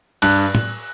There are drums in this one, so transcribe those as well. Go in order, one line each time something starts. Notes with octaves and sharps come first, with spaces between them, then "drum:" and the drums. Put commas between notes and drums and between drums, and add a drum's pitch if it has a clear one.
G2 F#6, drum: cymbal
drum: tom A2